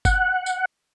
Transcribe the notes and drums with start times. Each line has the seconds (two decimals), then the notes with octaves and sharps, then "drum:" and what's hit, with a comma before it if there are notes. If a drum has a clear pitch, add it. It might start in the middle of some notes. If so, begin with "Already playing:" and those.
0.05 F#5, drum: kick, tambourine
0.46 drum: tambourine